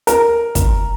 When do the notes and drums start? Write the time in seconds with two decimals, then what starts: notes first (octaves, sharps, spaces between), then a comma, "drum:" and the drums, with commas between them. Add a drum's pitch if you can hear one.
0.07 A#4, drum: hi-hat
0.55 drum: kick, hi-hat